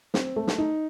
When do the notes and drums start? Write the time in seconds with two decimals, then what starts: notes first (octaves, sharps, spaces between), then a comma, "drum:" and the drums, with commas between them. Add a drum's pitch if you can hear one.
0.14 C4, drum: snare
0.36 A3
0.47 drum: snare
0.58 D#4